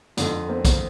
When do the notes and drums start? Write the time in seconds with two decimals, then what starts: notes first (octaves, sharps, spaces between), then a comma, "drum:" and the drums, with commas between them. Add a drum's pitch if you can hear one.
0.17 F2 D3, drum: hi-hat
0.49 A#3 C4
0.65 drum: kick A#1, hi-hat